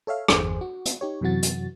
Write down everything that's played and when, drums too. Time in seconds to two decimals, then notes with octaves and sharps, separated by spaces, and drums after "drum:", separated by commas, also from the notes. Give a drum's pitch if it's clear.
0.07 A4 C#5 E5 F5
0.28 G1 E2 G#4 C5, drum: rim click
0.61 F#4
0.85 drum: hi-hat
1.01 D#4 G4 C#5
1.21 F#2 C3 E3 F#3 F#4 A6
1.43 drum: hi-hat